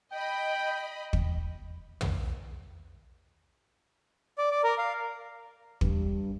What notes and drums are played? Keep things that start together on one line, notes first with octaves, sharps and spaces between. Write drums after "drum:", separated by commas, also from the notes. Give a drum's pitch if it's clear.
D#5 G5 B5
drum: kick
drum: tom
D5
D5
A#4
F5
G2, drum: kick